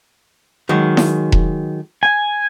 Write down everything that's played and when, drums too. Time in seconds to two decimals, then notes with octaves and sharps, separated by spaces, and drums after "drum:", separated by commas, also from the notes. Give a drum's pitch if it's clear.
0.69 D#3 F#3 G#3
0.97 drum: snare E4
1.32 drum: kick E1
2.03 G#5